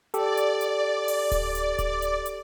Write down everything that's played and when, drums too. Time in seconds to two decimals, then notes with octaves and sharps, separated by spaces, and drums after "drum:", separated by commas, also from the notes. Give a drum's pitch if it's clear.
0.14 G4 A4 D5, drum: hi-hat
0.37 drum: hi-hat
0.61 drum: hi-hat
1.08 drum: open hi-hat
1.31 drum: kick D1, open hi-hat
1.55 drum: hi-hat
1.79 drum: kick D1, hi-hat
2.02 drum: hi-hat
2.26 drum: hi-hat